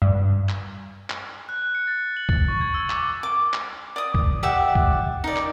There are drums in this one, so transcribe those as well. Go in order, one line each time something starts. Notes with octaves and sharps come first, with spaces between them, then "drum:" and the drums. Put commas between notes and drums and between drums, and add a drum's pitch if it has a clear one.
G2
drum: clap
drum: clap
F#6
C#7
A6
F#7
A6, drum: kick
C#6
G#6
E6
D6, drum: clap
D6
drum: clap
D5 D#6
drum: kick
G4 D5 E5 F#5
drum: kick
D#4 D5
drum: clap